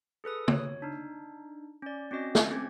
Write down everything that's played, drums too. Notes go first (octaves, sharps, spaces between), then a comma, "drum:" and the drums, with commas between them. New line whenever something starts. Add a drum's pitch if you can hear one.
G#4 A4 B4 D#6
C#5, drum: tom
D4 D#4
C#4 D5
C4 C#4 F#4 D#5
drum: snare
C4 C#4 G#6